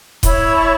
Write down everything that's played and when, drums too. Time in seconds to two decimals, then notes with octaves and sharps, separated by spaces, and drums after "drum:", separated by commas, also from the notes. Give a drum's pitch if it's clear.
0.23 E4 C#5, drum: kick D#1, hi-hat
0.40 B5 E6
0.55 A5 C#6